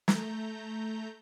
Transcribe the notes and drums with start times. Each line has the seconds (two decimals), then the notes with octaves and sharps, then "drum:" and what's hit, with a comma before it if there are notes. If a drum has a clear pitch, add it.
0.08 A3 A#5 G6, drum: snare